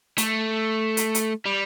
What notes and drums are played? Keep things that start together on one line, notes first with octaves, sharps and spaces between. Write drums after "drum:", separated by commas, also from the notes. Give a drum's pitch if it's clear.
A3, drum: hi-hat
drum: hi-hat
drum: hi-hat
G3